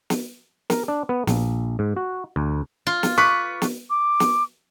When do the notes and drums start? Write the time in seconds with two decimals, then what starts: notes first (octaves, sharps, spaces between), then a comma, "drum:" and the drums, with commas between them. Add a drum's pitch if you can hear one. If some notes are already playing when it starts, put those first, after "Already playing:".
0.10 drum: snare
0.70 A#4, drum: snare
0.88 D4
1.09 B3
1.27 A#1, drum: snare
1.79 G#2
1.96 F#4
2.36 D2
2.87 F4
3.03 drum: snare
3.18 B4 C#6 D6 B6
3.62 drum: snare
3.90 D6
4.20 drum: snare